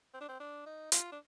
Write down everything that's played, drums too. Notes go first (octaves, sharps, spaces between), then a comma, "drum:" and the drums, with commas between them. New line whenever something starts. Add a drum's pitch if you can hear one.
C4
D4
C4
D4
D#4
F4, drum: hi-hat
D4